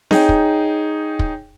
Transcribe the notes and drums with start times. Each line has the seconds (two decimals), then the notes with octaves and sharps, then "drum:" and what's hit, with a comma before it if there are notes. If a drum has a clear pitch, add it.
0.11 D#4 G#4 C#5 G5, drum: snare C4
0.29 drum: kick
1.19 drum: kick